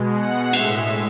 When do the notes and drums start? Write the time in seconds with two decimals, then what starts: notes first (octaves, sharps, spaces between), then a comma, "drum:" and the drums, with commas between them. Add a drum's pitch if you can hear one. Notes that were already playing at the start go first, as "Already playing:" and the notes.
Already playing: B2 G#3
0.15 F#5
0.53 A2 G#3 E5, drum: cymbal